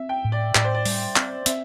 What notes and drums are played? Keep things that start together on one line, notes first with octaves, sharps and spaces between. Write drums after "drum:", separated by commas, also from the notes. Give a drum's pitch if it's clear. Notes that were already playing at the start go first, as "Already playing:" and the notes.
Already playing: C4 E5
G5
A2
D5
A2 D5, drum: clap
C5
D5
G3, drum: open hi-hat
C4, drum: clap
C4 E5, drum: hi-hat